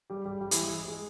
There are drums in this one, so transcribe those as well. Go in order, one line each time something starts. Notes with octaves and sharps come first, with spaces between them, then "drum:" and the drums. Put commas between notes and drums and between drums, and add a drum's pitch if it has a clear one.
G3 G4
G3 G4
G3 G4
E3 E4, drum: hi-hat
G#3 G#4
G#3 G#4
G#3 G#4